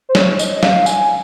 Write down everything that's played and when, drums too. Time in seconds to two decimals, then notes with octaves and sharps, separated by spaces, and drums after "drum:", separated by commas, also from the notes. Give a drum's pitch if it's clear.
0.09 C5
0.15 C#5, drum: snare
0.39 D#5, drum: tambourine
0.56 D#5
0.63 F5, drum: snare
0.86 G#5, drum: tambourine